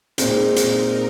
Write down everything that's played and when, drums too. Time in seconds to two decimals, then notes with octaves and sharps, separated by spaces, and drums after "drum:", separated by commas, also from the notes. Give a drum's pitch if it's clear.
0.18 A#2 G#3 C4 D#4, drum: hi-hat
0.56 A#4, drum: hi-hat